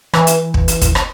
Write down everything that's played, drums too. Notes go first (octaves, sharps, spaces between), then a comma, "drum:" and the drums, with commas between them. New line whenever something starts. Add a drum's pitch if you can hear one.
E3, drum: rim click
drum: hi-hat
drum: kick
drum: hi-hat
drum: kick, hi-hat
drum: rim click